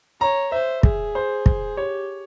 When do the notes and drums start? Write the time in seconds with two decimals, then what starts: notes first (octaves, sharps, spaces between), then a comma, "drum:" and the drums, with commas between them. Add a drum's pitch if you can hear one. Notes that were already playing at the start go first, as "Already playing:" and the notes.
0.21 C#5 A#5
0.52 C5 E5
0.83 G#4, drum: kick
1.15 C5
1.46 drum: kick
1.77 G4 C#5